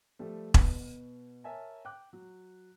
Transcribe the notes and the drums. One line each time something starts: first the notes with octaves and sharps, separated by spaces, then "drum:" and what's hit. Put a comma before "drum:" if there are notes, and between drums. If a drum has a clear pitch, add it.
F3 G3 A3
B2 B4, drum: kick E1
A#4 C#5 E5 G#5 A5
G5 D6 F#6
F#3